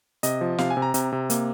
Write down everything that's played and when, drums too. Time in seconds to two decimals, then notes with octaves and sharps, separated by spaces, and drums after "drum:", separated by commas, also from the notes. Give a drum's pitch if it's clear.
0.23 C3 D#5, drum: hi-hat
0.41 F3
0.58 C3 F5, drum: snare
0.70 G#5
0.77 C3
0.82 A#5
0.94 C3, drum: hi-hat
1.13 C3
1.30 A#3, drum: hi-hat